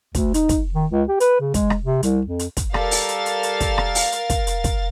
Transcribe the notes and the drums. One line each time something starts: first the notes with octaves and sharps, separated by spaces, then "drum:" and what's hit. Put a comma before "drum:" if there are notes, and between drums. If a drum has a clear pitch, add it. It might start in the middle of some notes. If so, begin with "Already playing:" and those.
D2, drum: kick, hi-hat
D#4, drum: hi-hat
drum: kick, hi-hat
D#3
C#2
G4
B4, drum: hi-hat
C#3
G#3, drum: kick, hi-hat
drum: rim click
C3
C2, drum: hi-hat
F2
drum: hi-hat
drum: kick, hi-hat
G3 A4 A#4 F5 A6, drum: rim click
drum: open hi-hat
drum: hi-hat
drum: hi-hat
drum: hi-hat
drum: kick, hi-hat
drum: rim click
drum: open hi-hat
drum: hi-hat
drum: kick, hi-hat
drum: hi-hat
drum: kick, hi-hat